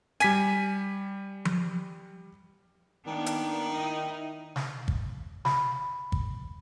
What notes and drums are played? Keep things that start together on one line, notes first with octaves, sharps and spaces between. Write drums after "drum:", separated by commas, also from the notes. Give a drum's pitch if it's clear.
G3 G#5 B6 D#7, drum: hi-hat
drum: tom F3
D#3 A#3 B3 D4
drum: hi-hat
D#4 E4 D#5
drum: snare
drum: kick
B5, drum: snare
drum: kick